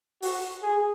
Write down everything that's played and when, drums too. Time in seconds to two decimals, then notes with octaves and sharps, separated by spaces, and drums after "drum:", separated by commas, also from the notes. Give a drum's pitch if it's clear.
0.22 F#4, drum: open hi-hat
0.63 G#4